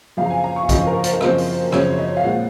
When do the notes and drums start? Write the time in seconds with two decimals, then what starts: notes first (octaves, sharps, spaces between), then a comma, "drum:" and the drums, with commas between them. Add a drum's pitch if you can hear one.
0.17 F#2 C#3 F3 C4 F5
0.25 A#5
0.30 G#5
0.44 A#5
0.56 C#6
0.63 F5
0.69 F#2 C#3 F3 C4 D#5, drum: kick, hi-hat
0.87 A#4
1.04 C5, drum: hi-hat
1.13 A#4
1.21 F#2 C#3 F3 C4 C5, drum: rim click
1.38 drum: open hi-hat
1.72 F#2 C#3 F3 C4 C#5, drum: rim click
1.99 D#5
2.17 F5
2.24 A#2 G#3 C4 F#5